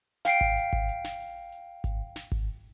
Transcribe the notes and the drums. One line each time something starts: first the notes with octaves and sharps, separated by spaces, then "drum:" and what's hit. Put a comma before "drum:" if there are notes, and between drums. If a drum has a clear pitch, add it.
F5 G5 C7 D7, drum: snare
drum: kick G#1
drum: hi-hat
drum: kick G#1
drum: hi-hat
drum: snare
drum: hi-hat
drum: hi-hat
drum: kick G#1, hi-hat
drum: snare
drum: kick G#1